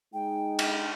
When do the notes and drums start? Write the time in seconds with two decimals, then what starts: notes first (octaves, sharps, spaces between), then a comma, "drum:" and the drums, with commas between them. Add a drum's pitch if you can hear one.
0.14 G#3 D#4 G5
0.59 drum: cymbal